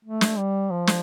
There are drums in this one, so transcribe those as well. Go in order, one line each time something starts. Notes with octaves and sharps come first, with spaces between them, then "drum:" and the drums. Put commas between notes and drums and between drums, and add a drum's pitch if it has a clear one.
A3
drum: snare
G3
F3
drum: snare